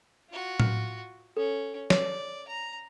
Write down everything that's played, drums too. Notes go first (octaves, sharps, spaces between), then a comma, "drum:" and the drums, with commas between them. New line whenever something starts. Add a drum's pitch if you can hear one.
F4 F#4
F6, drum: tom A2
C#4 A4
C#5 D5, drum: snare
A#5